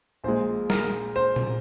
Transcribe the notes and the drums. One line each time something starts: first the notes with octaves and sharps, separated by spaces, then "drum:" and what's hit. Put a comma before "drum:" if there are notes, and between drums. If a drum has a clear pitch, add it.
A#1 A#2 G#3 C5
A#4, drum: snare
C5
drum: tom A#2